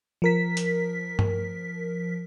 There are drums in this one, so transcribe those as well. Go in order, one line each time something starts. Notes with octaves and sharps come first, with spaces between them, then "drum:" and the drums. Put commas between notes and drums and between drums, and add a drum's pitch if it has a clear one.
F3 A#4 B6
drum: hi-hat
drum: tom G2